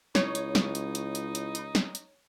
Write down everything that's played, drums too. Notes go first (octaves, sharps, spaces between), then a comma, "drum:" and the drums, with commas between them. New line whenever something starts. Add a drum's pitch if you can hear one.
C#2 D#4 E4 C#5, drum: snare
drum: hi-hat
drum: snare
drum: hi-hat
drum: hi-hat
drum: hi-hat
drum: hi-hat
drum: hi-hat
drum: snare
drum: hi-hat